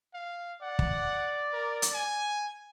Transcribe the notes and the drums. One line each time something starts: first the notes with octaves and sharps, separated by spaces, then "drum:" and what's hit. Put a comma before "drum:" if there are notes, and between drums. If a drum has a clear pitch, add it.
F5
D5 F#5
drum: kick
A#4
drum: hi-hat
G#5